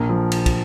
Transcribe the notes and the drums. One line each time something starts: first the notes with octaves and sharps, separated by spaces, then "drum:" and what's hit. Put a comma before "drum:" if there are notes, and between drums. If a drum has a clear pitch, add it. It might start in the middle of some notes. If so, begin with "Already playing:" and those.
Already playing: A#1 A#4
F3
drum: cymbal
drum: kick, cymbal